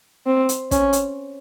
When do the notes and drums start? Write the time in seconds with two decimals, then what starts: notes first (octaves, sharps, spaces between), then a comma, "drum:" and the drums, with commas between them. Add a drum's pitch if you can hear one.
0.27 C4
0.49 drum: hi-hat
0.71 C#4, drum: kick, hi-hat
0.93 drum: hi-hat